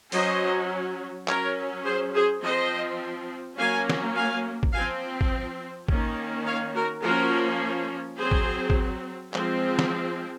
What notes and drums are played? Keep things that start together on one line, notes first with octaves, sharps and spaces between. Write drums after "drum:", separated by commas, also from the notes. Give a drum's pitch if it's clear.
F#3 C#4 C5 D#5, drum: open hi-hat
F#3 C#4 A#4 C#5, drum: clap
G#4 C5
G#4 C5
F3 C4 C5 D#5
F#3 A#3 C#4 F5 G#5
drum: snare
F5 G#5
drum: kick A1
F3 C4 F5 G#5
drum: kick A1
D#3 A#3 C#4, drum: kick A1
C#5 F5
F#4 A#4
F3 A#3 C#4 F#4 A#4
F#3 C4 G#4 C5
drum: kick A1
drum: kick A1
F3 G#3 C4, drum: clap
drum: snare